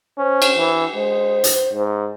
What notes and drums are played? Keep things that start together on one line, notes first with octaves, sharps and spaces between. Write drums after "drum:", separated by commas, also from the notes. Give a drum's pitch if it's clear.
C#4 C5
drum: cymbal
E3
G#3 C5
drum: hi-hat
G#2